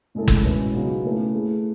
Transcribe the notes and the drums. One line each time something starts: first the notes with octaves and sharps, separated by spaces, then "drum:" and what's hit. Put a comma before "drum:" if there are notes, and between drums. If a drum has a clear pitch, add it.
A2 G#3 C#4 E4 A4
drum: kick
B2 G#3 C#4 E4 B4
C#3 F#3 B3 D#4 F#4
A3 C#4 E4 B4
A3 E4 G#4